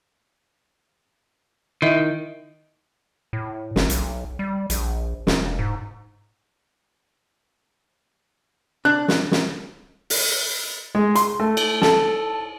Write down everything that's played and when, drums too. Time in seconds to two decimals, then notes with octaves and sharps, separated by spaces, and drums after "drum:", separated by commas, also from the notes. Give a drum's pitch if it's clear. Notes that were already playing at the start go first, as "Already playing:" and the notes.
1.82 D#3 E4 D#5 E5
3.33 A2
3.76 F#1, drum: snare
3.90 B1, drum: hi-hat
4.39 G3
4.70 A#1, drum: hi-hat
5.27 E1, drum: snare
5.59 G#2
8.85 D4 F#6
9.08 drum: snare
9.32 drum: snare
10.10 drum: open hi-hat
10.95 G#3
11.15 C6, drum: hi-hat
11.40 A3
11.57 drum: cymbal
11.82 A4, drum: snare